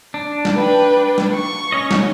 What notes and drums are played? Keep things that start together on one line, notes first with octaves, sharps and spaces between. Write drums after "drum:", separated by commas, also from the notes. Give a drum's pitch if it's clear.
D4
drum: snare
B4 G5
drum: snare
C#6
C#4 C#5 D#5
drum: snare